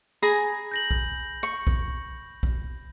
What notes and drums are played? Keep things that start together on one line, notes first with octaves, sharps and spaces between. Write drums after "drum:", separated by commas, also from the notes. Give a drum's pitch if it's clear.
G#4 G#5 A#5 B5
G6 A#6 F#7
drum: kick B1
C#6
drum: kick B1
drum: kick B1